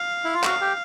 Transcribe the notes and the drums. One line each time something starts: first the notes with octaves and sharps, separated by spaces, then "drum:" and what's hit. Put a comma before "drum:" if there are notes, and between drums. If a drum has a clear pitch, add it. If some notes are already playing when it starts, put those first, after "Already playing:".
Already playing: F5
E4
F4
F#4 F5, drum: clap
G4